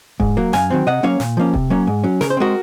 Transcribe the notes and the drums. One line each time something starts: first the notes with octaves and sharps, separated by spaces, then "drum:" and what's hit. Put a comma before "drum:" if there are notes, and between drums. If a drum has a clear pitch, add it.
G#2, drum: kick D#1
F#3 A#3
F#2 F5 G#5, drum: snare
D#3 F#3 C4
C3 D#5 F#5
F#3 A#3 C#4 C#5 F5
A#2, drum: snare
F3 A#3 C#4
C3, drum: kick D#1
F#3 A#3 C#4
G#2
F#3 C#4
C#3 A#4, drum: snare
C5
G#3 C4 F#4 A#4